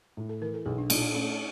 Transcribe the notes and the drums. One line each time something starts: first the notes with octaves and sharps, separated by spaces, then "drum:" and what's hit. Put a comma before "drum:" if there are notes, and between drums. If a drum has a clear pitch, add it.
A2
A4
E3 A#4
A4
B1 G#4
D4
A#2 D4, drum: cymbal
D4
A3 C#4